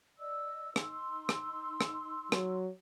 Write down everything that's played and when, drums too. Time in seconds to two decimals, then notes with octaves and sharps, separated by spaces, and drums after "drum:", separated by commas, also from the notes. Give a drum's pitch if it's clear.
0.19 D5 D#5 E6
0.76 D#4 C6 E6, drum: rim click
1.29 drum: rim click
1.81 drum: rim click
2.32 F#3, drum: rim click